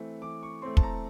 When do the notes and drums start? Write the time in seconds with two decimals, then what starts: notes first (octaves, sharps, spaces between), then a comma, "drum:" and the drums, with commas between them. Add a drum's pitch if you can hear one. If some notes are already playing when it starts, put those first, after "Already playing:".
Already playing: E3 A3 C4
0.22 E3 D6
0.43 C#6
0.62 A3 C4 C6
0.77 A5, drum: kick
0.83 A#5